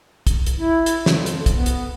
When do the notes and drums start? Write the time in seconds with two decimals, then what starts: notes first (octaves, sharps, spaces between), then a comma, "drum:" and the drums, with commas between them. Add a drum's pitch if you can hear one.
0.27 drum: kick, hi-hat
0.46 drum: hi-hat
0.60 E4
0.86 drum: hi-hat
1.06 F2, drum: snare
1.26 drum: hi-hat
1.46 drum: kick, hi-hat
1.56 B3
1.66 drum: hi-hat